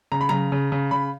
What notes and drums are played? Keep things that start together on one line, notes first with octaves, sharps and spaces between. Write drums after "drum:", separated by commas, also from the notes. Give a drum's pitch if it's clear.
C#3 A#5
B5
C#3 A#5, drum: tom F#3
C#3
C#3
C#3 B5